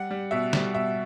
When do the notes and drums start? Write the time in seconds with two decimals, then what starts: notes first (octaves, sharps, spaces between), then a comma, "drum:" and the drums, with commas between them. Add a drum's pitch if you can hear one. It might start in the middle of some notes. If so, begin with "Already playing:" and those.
Already playing: G3 F#5
0.11 G3
0.31 B2 E5
0.53 G3, drum: snare
0.74 B2 E5